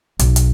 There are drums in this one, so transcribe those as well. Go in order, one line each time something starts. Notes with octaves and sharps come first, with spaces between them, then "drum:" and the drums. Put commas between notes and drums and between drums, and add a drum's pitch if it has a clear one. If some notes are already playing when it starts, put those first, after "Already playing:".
B1, drum: hi-hat
drum: hi-hat